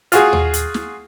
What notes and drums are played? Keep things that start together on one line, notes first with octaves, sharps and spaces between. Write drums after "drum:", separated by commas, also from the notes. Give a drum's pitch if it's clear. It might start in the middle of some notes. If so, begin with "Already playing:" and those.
F4 F#4 G#4, drum: hi-hat
drum: tom D#2
drum: hi-hat
drum: snare